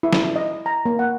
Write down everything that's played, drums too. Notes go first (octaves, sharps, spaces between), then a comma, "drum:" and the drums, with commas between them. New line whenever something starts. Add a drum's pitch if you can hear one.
E4
drum: snare
D#5
A#5
A#3
F#5